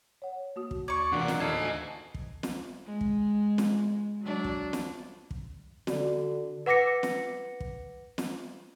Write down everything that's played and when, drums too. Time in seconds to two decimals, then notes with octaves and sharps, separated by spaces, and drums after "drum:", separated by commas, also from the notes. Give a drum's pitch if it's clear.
0.22 C#5 F#5
0.56 A#3 F#4 D#6
0.71 drum: kick
0.88 D#2 D5 C#6 G#6
1.12 A#2 E3 D4 F#5
1.28 drum: snare
1.40 D#2 A4 D#5 F5 A5 A#5 G#6
1.57 D2 G#5
2.14 drum: kick
2.43 drum: snare
2.86 G#3
3.01 drum: kick
3.58 drum: snare
4.21 F#3 D4
4.44 drum: kick
4.73 drum: snare
5.31 drum: kick
5.87 D3 F#4 D5, drum: snare
6.66 B4 F#5 D6 A#6 C#7
7.03 drum: snare
7.60 drum: kick
8.18 drum: snare